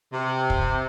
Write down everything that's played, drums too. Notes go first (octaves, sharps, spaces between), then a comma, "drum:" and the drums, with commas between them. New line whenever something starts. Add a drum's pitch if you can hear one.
C3
drum: kick